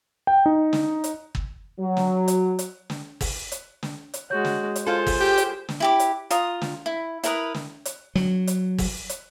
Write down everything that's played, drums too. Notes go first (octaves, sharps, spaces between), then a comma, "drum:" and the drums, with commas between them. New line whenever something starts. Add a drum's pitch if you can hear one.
G5
D#4
drum: snare
drum: hi-hat
drum: kick
F#3
drum: snare
drum: hi-hat
drum: hi-hat
drum: snare
drum: kick, open hi-hat
drum: hi-hat
drum: snare
drum: hi-hat
G#3 F#4 C#5 G6
drum: snare
drum: hi-hat
G#3 F4 A4 C5
drum: kick, open hi-hat
G4
drum: hi-hat
drum: snare
E4 G4 D6
drum: hi-hat
F4 A#5 D#6, drum: hi-hat
drum: snare
E4
E4 A#4 B4 D#6, drum: hi-hat
drum: snare
drum: hi-hat
F#3, drum: snare
drum: hi-hat
drum: kick, open hi-hat
drum: hi-hat